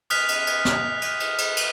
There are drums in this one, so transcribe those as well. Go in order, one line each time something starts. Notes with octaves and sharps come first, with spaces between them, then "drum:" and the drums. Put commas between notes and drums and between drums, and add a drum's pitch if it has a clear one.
D#6 F6 F#6 B6 F7, drum: cymbal
drum: cymbal
drum: cymbal
drum: snare
drum: cymbal
drum: cymbal
drum: cymbal
drum: cymbal